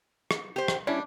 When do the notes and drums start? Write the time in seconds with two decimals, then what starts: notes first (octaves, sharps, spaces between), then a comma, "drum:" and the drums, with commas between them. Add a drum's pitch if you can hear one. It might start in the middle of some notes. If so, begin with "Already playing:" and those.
0.31 drum: rim click
0.56 G4 C5
0.68 drum: rim click
0.87 G3 C#4 D4 E4